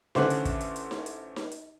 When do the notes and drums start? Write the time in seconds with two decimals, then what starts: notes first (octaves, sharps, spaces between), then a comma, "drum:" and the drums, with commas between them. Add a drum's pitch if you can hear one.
0.15 A1 D3 A3 C#4 C5 F#6, drum: snare D#4
0.30 drum: hi-hat
0.45 drum: kick, hi-hat
0.61 drum: hi-hat
0.76 drum: hi-hat
0.91 drum: snare D#4
1.06 drum: hi-hat
1.36 drum: snare D#4
1.51 drum: hi-hat